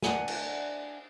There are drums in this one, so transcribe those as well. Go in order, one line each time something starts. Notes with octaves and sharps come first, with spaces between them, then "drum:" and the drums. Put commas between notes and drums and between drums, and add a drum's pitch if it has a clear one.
D4 D5 F#5 G#5, drum: snare
drum: cymbal